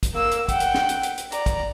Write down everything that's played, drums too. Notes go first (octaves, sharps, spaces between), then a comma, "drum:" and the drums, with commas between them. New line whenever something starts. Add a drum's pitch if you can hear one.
drum: kick, hi-hat
A#3 E6
drum: hi-hat
F#5 G5, drum: kick, hi-hat
drum: hi-hat
drum: snare
drum: hi-hat
drum: hi-hat
drum: hi-hat
D5 A#5, drum: hi-hat
drum: kick, hi-hat